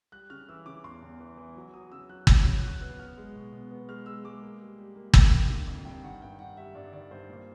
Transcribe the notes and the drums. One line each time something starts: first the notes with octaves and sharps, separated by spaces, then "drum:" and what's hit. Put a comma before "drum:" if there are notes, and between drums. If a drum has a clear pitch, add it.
G3 F#6
C#3 F6
E3 E6
C#3 D6
E2 C6
E2
E3
E3
F#3
F#3 D#6
C#3 E6
F#3 F#6
F#3 G6, drum: kick G1
C#3 F#6
F#3 F#6
B3 F#6
B3 F6
G#3
B2
B2
B3
G#3 F6
G#3 E6
G#3 D6
A#3
G3
G3
A#3
A#3 G5, drum: kick G1
G3
D3
F2
G2 G5
D#3 F#5
G2 G5
G2 F#5
G3 E5
G2 D5
D#3 D5
G2 C5
A#2